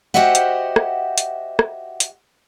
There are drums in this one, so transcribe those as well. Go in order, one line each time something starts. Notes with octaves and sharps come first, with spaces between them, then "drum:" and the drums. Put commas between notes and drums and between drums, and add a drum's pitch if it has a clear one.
F#4 G4 C5 D#5 E5 F#5
drum: hi-hat
drum: rim click
drum: hi-hat
drum: rim click
drum: hi-hat